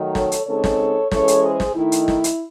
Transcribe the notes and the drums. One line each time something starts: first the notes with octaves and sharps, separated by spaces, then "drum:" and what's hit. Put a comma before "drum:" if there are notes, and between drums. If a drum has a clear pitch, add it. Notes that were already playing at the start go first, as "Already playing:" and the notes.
Already playing: D#3 F#3 A3 D#4
A4 C#5, drum: snare
drum: hi-hat
C#3 G#3 C4 D#4 A4 C#5
drum: snare
E3 G#3 C#4 A4 C#5, drum: snare
drum: hi-hat
G#4 C5
drum: snare
D#3 A3 D#4 E4
drum: hi-hat
drum: snare
drum: hi-hat